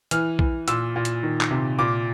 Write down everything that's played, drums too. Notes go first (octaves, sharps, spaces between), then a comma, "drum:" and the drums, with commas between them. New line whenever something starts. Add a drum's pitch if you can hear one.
E3 F6, drum: hi-hat
E3, drum: kick A#1
A#2 E6, drum: hi-hat
A#2
drum: hi-hat
D#3
drum: clap
C3
A#2 D6